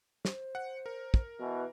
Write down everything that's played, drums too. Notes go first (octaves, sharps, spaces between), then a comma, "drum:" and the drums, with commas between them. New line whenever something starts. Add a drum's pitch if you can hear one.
C5, drum: snare
F#5 C#7
A#4
drum: kick
B2 E3